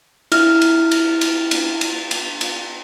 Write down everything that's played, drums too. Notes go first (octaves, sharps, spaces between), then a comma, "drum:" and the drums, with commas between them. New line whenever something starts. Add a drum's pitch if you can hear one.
E4 F6, drum: cymbal
drum: cymbal
drum: cymbal
drum: cymbal
drum: cymbal
drum: cymbal
drum: cymbal
drum: cymbal